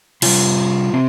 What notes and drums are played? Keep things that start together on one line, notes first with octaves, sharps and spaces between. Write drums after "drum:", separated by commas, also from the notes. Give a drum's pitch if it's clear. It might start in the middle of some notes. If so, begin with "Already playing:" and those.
C3 G3 F4, drum: cymbal
C3 C4